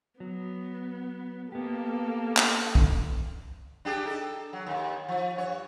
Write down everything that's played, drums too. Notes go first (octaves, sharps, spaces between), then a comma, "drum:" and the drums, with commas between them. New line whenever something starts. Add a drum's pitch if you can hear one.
F#3 B3
A#3 B3 G4 A4
drum: clap
drum: kick
D4 G4 G#4
D#4 A4
F#3
D#2
F3
G2 C#5